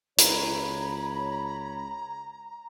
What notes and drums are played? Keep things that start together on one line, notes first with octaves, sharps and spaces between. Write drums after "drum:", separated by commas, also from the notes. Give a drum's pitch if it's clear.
C#2 C#5 A#5 B5, drum: hi-hat